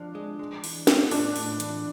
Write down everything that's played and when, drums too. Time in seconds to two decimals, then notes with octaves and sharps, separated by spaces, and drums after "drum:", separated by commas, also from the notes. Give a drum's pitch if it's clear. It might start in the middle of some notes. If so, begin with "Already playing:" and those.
Already playing: F3 D4
0.15 G#3
0.39 G#3
0.64 E3, drum: open hi-hat
0.87 B3, drum: snare
1.11 A2 D4, drum: open hi-hat
1.36 A2, drum: open hi-hat
1.60 E3, drum: hi-hat